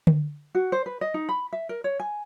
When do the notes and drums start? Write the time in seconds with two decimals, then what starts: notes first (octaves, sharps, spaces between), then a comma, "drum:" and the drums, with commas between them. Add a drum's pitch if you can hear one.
0.07 drum: tom D3
0.55 F#4
0.72 C5
0.86 B4
1.01 D#5
1.14 D#4
1.29 B5
1.53 E5
1.69 A#4
1.84 C#5
2.00 G#5